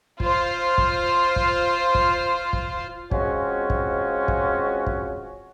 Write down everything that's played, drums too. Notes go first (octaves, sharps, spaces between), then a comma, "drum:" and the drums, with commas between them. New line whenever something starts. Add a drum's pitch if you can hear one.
F4 C5, drum: kick
drum: kick
drum: kick
drum: kick
drum: kick
G#3 C4 C#4 F4 F#4, drum: kick
drum: kick
drum: kick
drum: kick